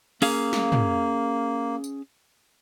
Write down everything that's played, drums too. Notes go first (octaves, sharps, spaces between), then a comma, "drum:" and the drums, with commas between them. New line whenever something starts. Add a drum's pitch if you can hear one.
A#3 C#4 G#4 F5, drum: open hi-hat
drum: snare
drum: tom
drum: tambourine